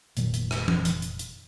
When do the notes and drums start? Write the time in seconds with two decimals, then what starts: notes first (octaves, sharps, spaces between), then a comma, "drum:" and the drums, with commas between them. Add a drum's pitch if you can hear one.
0.17 F1 A#2 D#3 F#3, drum: hi-hat
0.34 drum: hi-hat
0.51 drum: rim click
0.68 drum: tom E3
0.85 drum: hi-hat
1.02 drum: hi-hat
1.19 drum: hi-hat